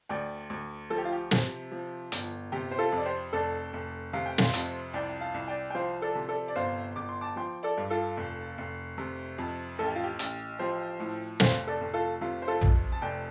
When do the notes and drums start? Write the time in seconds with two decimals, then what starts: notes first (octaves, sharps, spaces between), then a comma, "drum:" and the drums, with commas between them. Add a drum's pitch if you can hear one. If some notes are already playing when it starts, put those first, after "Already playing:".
0.09 D2 D5 G5
0.50 D2
0.90 F3 A4
0.98 G4
1.05 F4
1.12 G4
1.31 C3, drum: snare
1.72 F3
2.12 G1, drum: hi-hat
2.52 C3 G4
2.71 C5
2.78 F4 A4
2.92 F2
2.97 D5
3.06 G4 C5
3.33 F1 A4 D5
3.73 F1
4.13 C3 F5
4.26 G5
4.38 C5 F5, drum: snare
4.54 F2, drum: hi-hat
4.94 C2 D5 G5
5.21 F5 A5
5.34 C2
5.48 D5 G5
5.70 G5
5.75 F3 C5 F5
6.02 A4 D5
6.15 C3
6.29 A4 D5
6.48 D5
6.56 G1 C5 F5
6.96 G1 D6
7.09 C6
7.21 A5 D6
7.36 F3 G5 C6
7.63 A4 D5
7.77 G2
7.90 F4 A4
8.17 F1
8.58 F1
8.98 C3
9.38 F2
9.79 A1 A4
9.88 G4
9.96 F4
10.04 G4
10.19 A1, drum: hi-hat
10.59 F3 G4 C5
10.99 A2
11.40 F1 C5 F5, drum: snare
11.67 A4 D5
11.81 F1
11.94 F4 A4
12.21 C3 F4
12.42 C5
12.47 F4 A4
12.61 F2, drum: tom
12.92 A5
13.01 F1 D5 G5